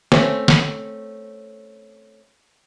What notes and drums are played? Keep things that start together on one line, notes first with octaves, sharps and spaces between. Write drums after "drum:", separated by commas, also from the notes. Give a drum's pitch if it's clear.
A3 C4 C#4, drum: snare
drum: snare